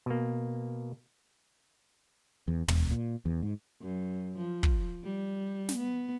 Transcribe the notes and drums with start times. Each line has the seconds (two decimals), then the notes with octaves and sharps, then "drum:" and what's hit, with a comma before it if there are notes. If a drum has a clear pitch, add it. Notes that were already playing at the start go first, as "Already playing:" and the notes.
0.06 B2 A#3
2.48 E2
2.68 E1, drum: tom
2.91 A#2
3.25 E2
3.42 G#2
3.81 F#2
4.38 F3
4.63 drum: kick
5.04 G3
5.69 drum: snare
5.78 B3